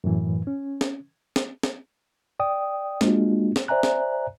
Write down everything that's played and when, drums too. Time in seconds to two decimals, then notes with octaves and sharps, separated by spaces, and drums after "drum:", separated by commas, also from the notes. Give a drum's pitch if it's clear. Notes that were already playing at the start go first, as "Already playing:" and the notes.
0.04 F#2 A2 E3
0.47 C#4
0.81 drum: snare
1.36 drum: snare
1.63 drum: snare
2.40 D5 G5 D#6
3.01 G#3 A#3 D4 F4 F#4, drum: snare
3.56 drum: snare
3.68 C5 D5 E5 G#5 A#5 F#6
3.83 drum: snare